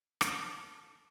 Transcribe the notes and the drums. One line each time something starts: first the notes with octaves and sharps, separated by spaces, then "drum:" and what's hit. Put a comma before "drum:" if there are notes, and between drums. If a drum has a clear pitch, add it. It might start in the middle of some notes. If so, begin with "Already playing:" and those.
A4, drum: rim click